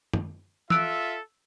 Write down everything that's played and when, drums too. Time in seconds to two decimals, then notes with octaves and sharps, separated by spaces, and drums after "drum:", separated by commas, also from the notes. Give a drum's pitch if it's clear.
0.14 drum: tom
0.70 F4 A4 E5 E6 F#6 D7, drum: tom E3